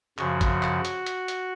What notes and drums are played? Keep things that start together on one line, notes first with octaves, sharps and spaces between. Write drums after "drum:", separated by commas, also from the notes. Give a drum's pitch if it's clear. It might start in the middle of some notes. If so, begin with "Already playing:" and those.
F#2 C#3 F3 F#4, drum: clap
drum: kick, hi-hat
drum: clap
drum: hi-hat
drum: hi-hat
drum: hi-hat